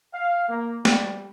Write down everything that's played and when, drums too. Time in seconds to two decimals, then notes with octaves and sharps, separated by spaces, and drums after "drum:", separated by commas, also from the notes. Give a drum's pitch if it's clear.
0.14 F5
0.49 A#3
0.85 G3, drum: snare